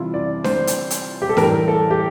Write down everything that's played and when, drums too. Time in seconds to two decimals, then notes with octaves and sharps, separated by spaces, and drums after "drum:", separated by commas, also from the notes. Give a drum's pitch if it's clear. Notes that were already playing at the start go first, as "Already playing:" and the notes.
Already playing: C3 E3 G3 E4 F4
0.14 D5
0.44 C5, drum: snare D4
0.67 drum: hi-hat
0.91 drum: hi-hat
1.22 G4
1.29 A4
1.37 A2 E3 G3 A#4, drum: snare D4
1.68 A4
1.91 G4